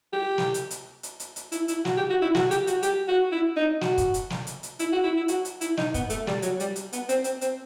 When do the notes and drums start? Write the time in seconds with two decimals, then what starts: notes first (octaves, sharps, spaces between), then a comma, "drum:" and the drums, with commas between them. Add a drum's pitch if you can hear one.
0.13 G4
0.38 drum: snare
0.54 drum: hi-hat
0.71 drum: hi-hat
1.03 drum: hi-hat
1.20 drum: hi-hat
1.36 drum: hi-hat
1.52 E4, drum: hi-hat
1.68 E4, drum: hi-hat
1.85 F#4, drum: snare
1.97 G4
2.10 F#4
2.22 E4
2.35 F#4, drum: snare
2.51 G4, drum: hi-hat
2.67 F#4, drum: hi-hat
2.83 G4, drum: hi-hat
3.08 F#4
3.32 E4
3.56 D#4
3.81 F#4, drum: snare
3.98 drum: kick, hi-hat
4.14 drum: hi-hat
4.30 drum: snare
4.47 drum: hi-hat
4.63 drum: hi-hat
4.79 E4, drum: hi-hat
4.92 F#4
5.04 E4
5.16 E4
5.28 F#4, drum: hi-hat
5.45 drum: hi-hat
5.61 E4, drum: hi-hat
5.77 D#4, drum: snare
5.94 B3, drum: kick, hi-hat
6.10 A3, drum: hi-hat
6.27 G3, drum: snare
6.42 F#3, drum: hi-hat
6.60 G3, drum: hi-hat
6.76 drum: hi-hat
6.93 B3, drum: hi-hat
7.09 C4, drum: hi-hat
7.24 C4, drum: hi-hat
7.41 C4, drum: hi-hat